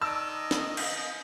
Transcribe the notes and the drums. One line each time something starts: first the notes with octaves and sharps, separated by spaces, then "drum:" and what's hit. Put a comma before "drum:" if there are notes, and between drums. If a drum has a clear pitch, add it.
D#3 D5 D#5 A5 E6
drum: snare
drum: cymbal